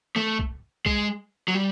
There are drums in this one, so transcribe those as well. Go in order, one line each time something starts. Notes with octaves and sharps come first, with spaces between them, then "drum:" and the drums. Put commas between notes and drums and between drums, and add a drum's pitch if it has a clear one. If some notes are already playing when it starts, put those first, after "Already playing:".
A3, drum: snare
drum: kick
G#3, drum: kick
F#3
G3